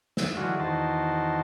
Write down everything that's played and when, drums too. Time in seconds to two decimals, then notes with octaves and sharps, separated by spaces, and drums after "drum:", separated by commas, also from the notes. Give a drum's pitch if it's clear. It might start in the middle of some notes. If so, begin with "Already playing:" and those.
0.17 E5, drum: snare
0.37 D3 E3 F#3 G#3 F4 F#4
0.60 E2 D#3 F#4 C5 A5